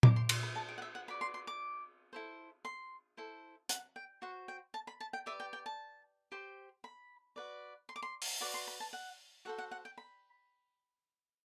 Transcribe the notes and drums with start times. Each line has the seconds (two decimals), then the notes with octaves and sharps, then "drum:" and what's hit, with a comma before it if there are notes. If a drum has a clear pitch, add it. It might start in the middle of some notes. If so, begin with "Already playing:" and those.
0.03 E4 G4 C5 D6, drum: tom A#2
0.16 C6
0.29 C6, drum: cymbal
0.43 B5
0.55 A5
0.69 G5
0.78 F#5
0.82 E5
0.95 F#5
1.08 F#4 B4 D5 B5
1.21 C6
1.34 C6
1.47 D6
2.13 E4 A4 C5
2.65 C6
3.17 E4 A4 C5
3.69 F#5, drum: hi-hat
3.96 G5
4.22 F#4 C5 F#5
4.48 G5
4.74 A5
4.87 B5
5.00 A5
5.13 G5
5.26 G4 B4 D5 E5
5.40 G5
5.53 G5
5.66 A5
6.32 G4 C5
6.84 B5
7.36 F#4 B4 D5
7.89 C6
7.96 D6
8.02 C6
8.22 drum: open hi-hat
8.40 F#4 B4 D5 D6
8.54 C6
8.67 B5
8.80 A5
8.93 F#5
9.45 F#4 A4 C5 F#5
9.58 F#5
9.71 F#5
9.85 G5
9.98 B5